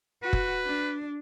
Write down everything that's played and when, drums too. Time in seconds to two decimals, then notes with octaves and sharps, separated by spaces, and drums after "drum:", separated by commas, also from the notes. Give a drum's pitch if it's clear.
0.23 F#4 B4
0.33 drum: kick
0.64 D4